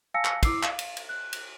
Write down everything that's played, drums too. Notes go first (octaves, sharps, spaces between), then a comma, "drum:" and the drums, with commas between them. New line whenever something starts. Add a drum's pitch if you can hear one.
F5 G#5 A5 E6 A#6 C#7
drum: clap
E4 D6 E6 C7, drum: kick, cymbal
F5, drum: clap
drum: cymbal
drum: cymbal
F#6
drum: cymbal